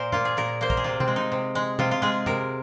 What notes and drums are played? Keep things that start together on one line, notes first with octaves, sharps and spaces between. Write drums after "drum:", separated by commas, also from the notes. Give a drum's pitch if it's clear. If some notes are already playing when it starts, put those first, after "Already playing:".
Already playing: A#2 A#4 C5
A#3 F4, drum: tom F#2
G#4
A#2 A#4
A#3 C5
A#4, drum: kick
G#4
C3 F4
C4, drum: tom B2
G#3
D#4
C3
G#3
C3 F4, drum: tom
F4
G#3 G#4
C3 A#4, drum: tom F#2